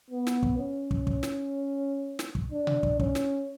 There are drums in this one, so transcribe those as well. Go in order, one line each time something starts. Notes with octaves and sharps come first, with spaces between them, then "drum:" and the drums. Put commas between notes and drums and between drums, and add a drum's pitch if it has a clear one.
B3
drum: snare
drum: kick
C#4
drum: kick
drum: kick
drum: snare
drum: snare
drum: kick
D4
drum: tom B2
drum: kick
C#4, drum: kick
drum: snare